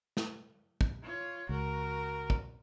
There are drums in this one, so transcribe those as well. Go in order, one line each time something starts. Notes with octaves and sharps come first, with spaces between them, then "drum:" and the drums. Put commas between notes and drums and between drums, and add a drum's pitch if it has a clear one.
drum: snare
drum: kick
F4 C#5
C#2 F#4 A#4
drum: kick